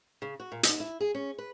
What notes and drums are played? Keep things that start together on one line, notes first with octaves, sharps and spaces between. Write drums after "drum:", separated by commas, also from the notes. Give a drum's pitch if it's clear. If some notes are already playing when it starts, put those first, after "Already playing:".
C#3
F#4
A#2
G#2, drum: hi-hat
E4
G#4
C#4
B4